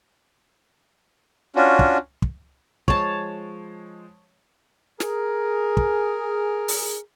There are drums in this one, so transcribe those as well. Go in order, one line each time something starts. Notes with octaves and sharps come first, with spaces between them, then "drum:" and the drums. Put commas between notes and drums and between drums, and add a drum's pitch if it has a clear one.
C#4 D4 F4 F#4
drum: kick
drum: kick
F3 G#3 C5 C#5 A5 C#6, drum: kick
G#4 A#4, drum: snare
drum: kick
drum: open hi-hat